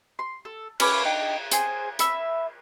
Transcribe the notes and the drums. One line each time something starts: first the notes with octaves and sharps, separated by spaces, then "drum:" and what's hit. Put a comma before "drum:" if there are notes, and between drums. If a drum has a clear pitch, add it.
C6
A4
C#4 B4 B5 D6, drum: cymbal
D4 D#4 G5
G#4 C5, drum: hi-hat
E5 B5, drum: hi-hat